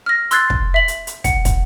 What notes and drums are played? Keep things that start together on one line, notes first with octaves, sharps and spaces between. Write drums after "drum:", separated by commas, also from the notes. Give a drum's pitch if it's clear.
F6 A#6
C6 E6 F#6 G#6 A6 C7, drum: hi-hat
drum: kick
E5 F#7
drum: hi-hat
drum: hi-hat
F#5, drum: kick, hi-hat
drum: kick, hi-hat